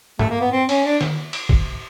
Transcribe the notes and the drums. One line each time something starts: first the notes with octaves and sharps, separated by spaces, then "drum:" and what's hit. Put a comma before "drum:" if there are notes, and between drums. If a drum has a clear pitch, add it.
A3, drum: tom G2
A#3
B3
C4
C#4, drum: cymbal
D4
drum: snare
drum: cymbal
drum: kick